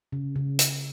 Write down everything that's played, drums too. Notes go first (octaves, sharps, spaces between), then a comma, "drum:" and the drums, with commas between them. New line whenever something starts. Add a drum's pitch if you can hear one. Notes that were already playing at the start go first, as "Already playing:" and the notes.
C#3
C#3
C#3, drum: hi-hat